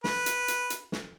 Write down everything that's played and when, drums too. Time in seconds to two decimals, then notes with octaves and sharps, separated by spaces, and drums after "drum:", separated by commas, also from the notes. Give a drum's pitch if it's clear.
0.04 B4, drum: snare
0.26 drum: hi-hat
0.48 drum: hi-hat
0.70 drum: hi-hat
0.92 drum: snare